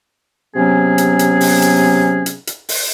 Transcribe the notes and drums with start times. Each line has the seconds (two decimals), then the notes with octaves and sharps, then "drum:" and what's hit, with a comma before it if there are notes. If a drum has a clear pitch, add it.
0.55 C3 F#3 B3 C#4 G#4
0.98 drum: hi-hat
1.19 drum: hi-hat
1.41 drum: open hi-hat
1.62 drum: hi-hat
2.26 drum: hi-hat
2.47 drum: hi-hat
2.69 drum: open hi-hat